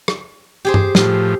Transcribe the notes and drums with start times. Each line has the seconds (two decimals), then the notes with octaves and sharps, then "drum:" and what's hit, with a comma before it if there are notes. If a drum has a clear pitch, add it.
0.08 drum: rim click
0.65 G4 G#4 C5
0.74 drum: tom G2
0.95 A2 F3, drum: snare